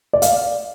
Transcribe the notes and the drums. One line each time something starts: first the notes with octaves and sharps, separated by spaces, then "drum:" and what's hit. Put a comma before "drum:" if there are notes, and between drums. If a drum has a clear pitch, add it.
D5
F5, drum: hi-hat